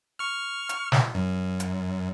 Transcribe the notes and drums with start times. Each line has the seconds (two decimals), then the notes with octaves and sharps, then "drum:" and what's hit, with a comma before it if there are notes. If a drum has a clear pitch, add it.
0.19 C#6 F6
0.69 drum: hi-hat
0.92 drum: snare
1.15 F#2
1.60 drum: hi-hat